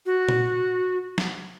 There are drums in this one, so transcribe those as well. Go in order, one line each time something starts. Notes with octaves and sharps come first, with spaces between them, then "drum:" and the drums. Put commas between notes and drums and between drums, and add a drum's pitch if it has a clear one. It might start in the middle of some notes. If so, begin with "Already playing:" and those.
F#4
drum: tom A#2
drum: snare